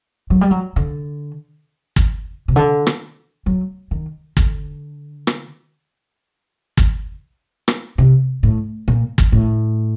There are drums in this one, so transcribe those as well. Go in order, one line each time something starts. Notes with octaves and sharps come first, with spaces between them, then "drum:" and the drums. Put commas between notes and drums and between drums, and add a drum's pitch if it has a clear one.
F#3
G3
F#3
D3
drum: kick
C3
D3
drum: rim click
F#3
D#3
D3, drum: kick
drum: rim click
drum: kick
drum: rim click
C3
A2
A#2
drum: kick
A2